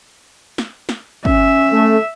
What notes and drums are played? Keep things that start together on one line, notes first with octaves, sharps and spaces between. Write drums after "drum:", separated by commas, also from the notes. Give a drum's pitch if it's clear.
drum: snare
drum: snare
C#4 E5, drum: kick
A3